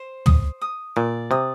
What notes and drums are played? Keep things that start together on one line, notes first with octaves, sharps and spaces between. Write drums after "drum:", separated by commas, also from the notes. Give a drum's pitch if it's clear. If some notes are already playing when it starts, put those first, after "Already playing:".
Already playing: C5
D#6, drum: tom
D#6
A#2 D5
C3 D#6